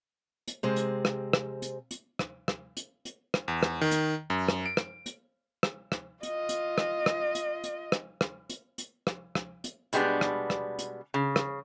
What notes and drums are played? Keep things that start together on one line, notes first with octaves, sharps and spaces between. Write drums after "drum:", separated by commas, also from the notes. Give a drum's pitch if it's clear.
drum: hi-hat
C3 G#3 C4
drum: hi-hat
drum: rim click
drum: rim click
drum: hi-hat
drum: hi-hat
drum: rim click
drum: rim click
drum: hi-hat
drum: hi-hat
drum: rim click
E2
drum: rim click
D#3
drum: hi-hat
F#2
drum: rim click
D7
drum: rim click
drum: hi-hat
drum: rim click
drum: rim click
F4 D#5, drum: hi-hat
drum: hi-hat
drum: rim click
drum: rim click
drum: hi-hat
drum: hi-hat
drum: rim click
drum: rim click
drum: hi-hat
drum: hi-hat
drum: rim click
drum: rim click
drum: hi-hat
B2 G3 G#3 B3 D4, drum: hi-hat
drum: rim click
drum: rim click
drum: hi-hat
C#3
drum: rim click